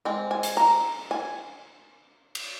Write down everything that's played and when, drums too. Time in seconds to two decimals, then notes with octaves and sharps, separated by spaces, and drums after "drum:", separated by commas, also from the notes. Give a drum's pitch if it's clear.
0.05 G#3 C4
0.31 G#5
0.43 drum: hi-hat
0.57 A#5
1.11 G#5
2.35 drum: cymbal